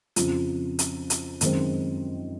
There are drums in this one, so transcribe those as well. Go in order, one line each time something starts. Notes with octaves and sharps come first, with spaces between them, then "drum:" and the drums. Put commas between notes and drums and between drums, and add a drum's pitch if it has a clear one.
F2 C#3 F3, drum: hi-hat
drum: hi-hat
drum: hi-hat
F#2 D#3 G#3 C4, drum: hi-hat